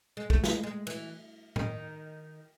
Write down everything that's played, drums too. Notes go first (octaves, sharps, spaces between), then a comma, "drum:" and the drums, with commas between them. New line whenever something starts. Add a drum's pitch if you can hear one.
G#3
A3, drum: kick
G#3, drum: snare
G#3
E3, drum: cymbal
D#3, drum: tom A2